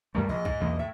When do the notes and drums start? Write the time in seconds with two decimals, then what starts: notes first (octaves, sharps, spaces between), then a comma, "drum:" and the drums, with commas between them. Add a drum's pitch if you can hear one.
0.15 F#2 G3 A3 A#4
0.29 A#1 D#5
0.45 G#2, drum: kick
0.60 B1 E2 A#3
0.79 A2 E5